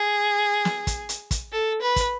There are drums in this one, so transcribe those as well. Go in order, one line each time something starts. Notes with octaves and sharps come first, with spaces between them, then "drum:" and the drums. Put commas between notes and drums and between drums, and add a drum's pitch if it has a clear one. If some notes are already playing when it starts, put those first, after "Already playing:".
Already playing: G#4
drum: snare
drum: kick, hi-hat
drum: hi-hat
drum: kick, hi-hat
A4
B4
drum: kick, hi-hat